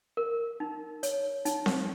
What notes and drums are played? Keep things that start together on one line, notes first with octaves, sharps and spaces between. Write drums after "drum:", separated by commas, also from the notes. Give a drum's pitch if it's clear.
A#4
D#4
C#5, drum: hi-hat
D#4, drum: hi-hat
drum: snare C4